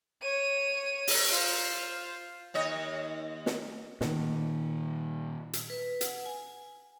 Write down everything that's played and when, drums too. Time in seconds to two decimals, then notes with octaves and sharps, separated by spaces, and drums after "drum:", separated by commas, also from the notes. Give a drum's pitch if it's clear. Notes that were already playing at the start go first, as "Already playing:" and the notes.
0.22 C#5 D#7
1.08 drum: open hi-hat
1.31 F4 C5
2.54 D#2 C#5 D#5
3.46 drum: snare
4.01 A#2 D#3, drum: snare
5.53 drum: hi-hat
5.70 B4
6.01 F#5, drum: hi-hat
6.26 G#5